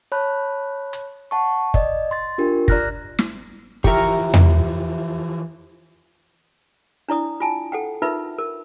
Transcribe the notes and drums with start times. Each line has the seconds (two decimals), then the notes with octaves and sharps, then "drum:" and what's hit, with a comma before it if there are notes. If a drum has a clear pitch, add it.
0.12 C#5 A5 B5 F#6
0.93 drum: hi-hat
1.31 F#5 A5 C#6
1.74 D5 D#5, drum: kick
2.11 C6 A6
2.38 D4 F4 G4 A#4
2.68 D5 A#5 F6 F#6 A#6, drum: kick
3.19 drum: snare
3.84 E3 F3 G4 A#4 E5 C#6, drum: kick
4.34 drum: tom E2
7.09 D4 E4 D5 D#6
7.40 F4 G#5 A5
7.72 A4 F#5 G5
8.02 D#4 F4 A#4 B4 E5
8.38 A#4